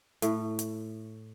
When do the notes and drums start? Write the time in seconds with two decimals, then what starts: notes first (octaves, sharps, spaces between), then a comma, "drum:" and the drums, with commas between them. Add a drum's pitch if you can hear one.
0.22 A2, drum: hi-hat
0.59 drum: hi-hat